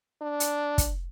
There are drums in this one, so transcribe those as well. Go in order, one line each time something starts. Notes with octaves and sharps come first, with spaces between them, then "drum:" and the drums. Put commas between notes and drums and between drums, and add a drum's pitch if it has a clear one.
D4
drum: hi-hat
drum: kick, hi-hat